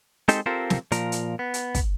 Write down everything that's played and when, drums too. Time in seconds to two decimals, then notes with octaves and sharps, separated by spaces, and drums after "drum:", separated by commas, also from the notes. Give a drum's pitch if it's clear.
0.28 G#3 C4 D#4 G4 A4 C5, drum: hi-hat
0.46 C4 F4 G4 A4 A#4 C5
0.70 drum: snare
0.92 A#2 F3 A#4, drum: hi-hat
1.12 drum: hi-hat
1.39 B3
1.54 drum: hi-hat
1.75 drum: kick, hi-hat